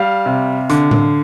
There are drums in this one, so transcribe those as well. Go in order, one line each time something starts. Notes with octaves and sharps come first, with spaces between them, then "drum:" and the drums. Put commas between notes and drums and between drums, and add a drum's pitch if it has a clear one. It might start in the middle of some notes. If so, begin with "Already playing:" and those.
Already playing: G3 F5
C3
D3, drum: hi-hat
drum: tom A2